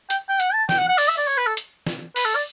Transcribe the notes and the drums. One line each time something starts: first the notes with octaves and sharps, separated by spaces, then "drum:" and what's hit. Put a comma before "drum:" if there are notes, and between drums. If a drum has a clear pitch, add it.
G5, drum: hi-hat
G5
F#5, drum: hi-hat
A5
G5, drum: snare
F#5
F#5
D5, drum: open hi-hat
E5
D5
C#5
B4
A4
drum: hi-hat
drum: snare
B4, drum: open hi-hat
A4
D5